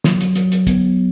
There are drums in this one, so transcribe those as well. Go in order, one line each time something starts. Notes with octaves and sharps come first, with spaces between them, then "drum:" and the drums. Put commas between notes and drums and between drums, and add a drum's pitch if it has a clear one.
F#3, drum: snare
drum: hi-hat
F#3, drum: hi-hat
drum: hi-hat
B3, drum: kick, hi-hat